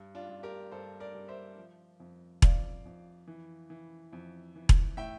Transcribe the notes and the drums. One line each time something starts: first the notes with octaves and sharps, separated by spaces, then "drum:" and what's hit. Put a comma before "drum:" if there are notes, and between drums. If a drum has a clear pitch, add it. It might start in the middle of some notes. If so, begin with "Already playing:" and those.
Already playing: G2
D4 F4
G2
G4 A#4
G2 A4 C5
A#4 D5
G2
C5 E5
F3
F2
F2 D5 F5, drum: kick E1
F2
E3
E3
F2
E3
drum: kick E1
A2 E5 G5